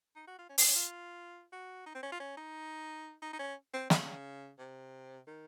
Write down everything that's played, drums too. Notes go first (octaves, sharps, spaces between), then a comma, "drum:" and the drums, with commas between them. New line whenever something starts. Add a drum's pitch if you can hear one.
D#4
F#4
F4
C#4
C4, drum: open hi-hat
C#4
F4
F#4
D#4
C4
C#4
F4
C#4
D#4
D#4
D#4
C#4
C4
C#3, drum: snare
C3
D#3